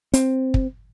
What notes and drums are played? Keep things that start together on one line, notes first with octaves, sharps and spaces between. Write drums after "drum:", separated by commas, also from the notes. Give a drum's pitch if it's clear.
C4, drum: hi-hat
drum: kick